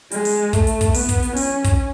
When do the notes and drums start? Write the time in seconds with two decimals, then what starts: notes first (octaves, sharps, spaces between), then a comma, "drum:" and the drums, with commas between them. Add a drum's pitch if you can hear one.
0.11 G#3, drum: hi-hat
0.25 drum: open hi-hat
0.53 A3, drum: kick, hi-hat
0.67 drum: hi-hat
0.81 drum: kick, hi-hat
0.94 B3, drum: open hi-hat
1.09 drum: kick, hi-hat
1.23 drum: hi-hat
1.36 C#4, drum: open hi-hat
1.64 drum: kick, hi-hat